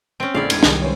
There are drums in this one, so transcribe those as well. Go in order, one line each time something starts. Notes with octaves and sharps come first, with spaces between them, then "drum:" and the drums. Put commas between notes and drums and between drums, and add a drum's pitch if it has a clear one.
C4 C#4 D7
A#1 D3 G#3 E4 D5 F5
E2 G#2 G#6, drum: cymbal
C2 D#3 G3, drum: snare
G#1 C#4 C5